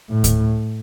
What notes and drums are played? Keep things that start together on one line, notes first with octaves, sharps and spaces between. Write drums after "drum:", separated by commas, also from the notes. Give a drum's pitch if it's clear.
A2
drum: kick D2, hi-hat